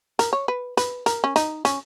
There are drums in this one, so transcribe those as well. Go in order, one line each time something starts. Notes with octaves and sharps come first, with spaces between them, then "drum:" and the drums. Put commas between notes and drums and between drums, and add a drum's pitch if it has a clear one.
A#4, drum: hi-hat
C#5
B4
B4, drum: hi-hat
A#4, drum: hi-hat
C#4
D#4, drum: hi-hat
C#4, drum: hi-hat